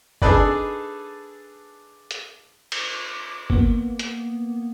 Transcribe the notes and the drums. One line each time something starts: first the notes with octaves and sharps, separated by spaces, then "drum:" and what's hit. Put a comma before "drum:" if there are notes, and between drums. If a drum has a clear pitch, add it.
D4 D#4 G#4 A4 B4 D5, drum: kick G1
drum: hi-hat
drum: cymbal
A#3 B3, drum: kick G1
drum: hi-hat